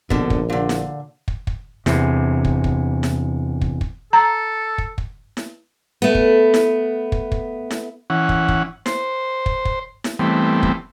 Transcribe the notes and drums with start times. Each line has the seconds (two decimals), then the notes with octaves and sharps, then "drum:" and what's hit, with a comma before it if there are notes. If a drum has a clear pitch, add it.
0.10 A#1 B2 D3, drum: kick
0.30 drum: kick
0.50 A#2 D3
0.69 drum: snare E4
1.28 drum: kick
1.47 drum: kick
1.86 E2 C3, drum: snare E4
2.45 drum: kick
2.64 drum: kick
3.03 drum: snare E4
3.61 drum: kick
3.81 drum: kick
4.13 A4 A#5
4.78 drum: kick
4.98 drum: kick
5.37 drum: snare E4
6.02 A3 B3
6.15 drum: kick
6.54 drum: snare E4
7.12 drum: kick
7.32 drum: kick
7.71 drum: snare E4
8.10 E3 C#4 F#5
8.29 drum: kick
8.48 drum: kick
8.86 C5, drum: snare E4
9.46 drum: kick
9.65 drum: kick
10.04 drum: snare E4
10.19 E3 G3 A3 B3 C4
10.63 drum: kick